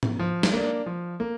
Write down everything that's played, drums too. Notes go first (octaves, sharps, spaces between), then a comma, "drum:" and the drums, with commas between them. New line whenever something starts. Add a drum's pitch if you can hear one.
drum: tom
F3
drum: snare
A#3 D4
F3
A#3